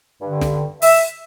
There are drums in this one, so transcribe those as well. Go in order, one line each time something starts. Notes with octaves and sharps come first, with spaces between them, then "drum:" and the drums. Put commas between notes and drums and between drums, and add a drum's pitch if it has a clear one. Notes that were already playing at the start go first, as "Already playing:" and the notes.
G2 D3
drum: snare
E5, drum: open hi-hat